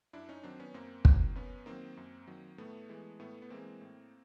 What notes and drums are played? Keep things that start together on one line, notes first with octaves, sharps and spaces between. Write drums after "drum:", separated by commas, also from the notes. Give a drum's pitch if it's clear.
F#2 D4 E4
C#4 D#4
D#3 F#3 C4 D4
B3 C#4
F#2 A#3 C4
D#3 F#3, drum: kick
F#2 B3 C#4
D#3 F#3 A#3 C4
F#2
D#3 F#3
A2 A3 B3
E3 G#3
A2 A3 B3
B3
E3 G#3 A#3 C4
A2